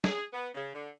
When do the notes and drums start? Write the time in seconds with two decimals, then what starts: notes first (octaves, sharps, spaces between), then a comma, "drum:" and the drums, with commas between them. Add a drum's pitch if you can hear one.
0.04 G#4, drum: snare
0.33 B3
0.55 C#3
0.74 D3